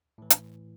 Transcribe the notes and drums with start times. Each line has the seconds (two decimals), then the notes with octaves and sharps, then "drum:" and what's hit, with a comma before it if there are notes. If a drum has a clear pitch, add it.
0.18 A2 E3
0.30 drum: hi-hat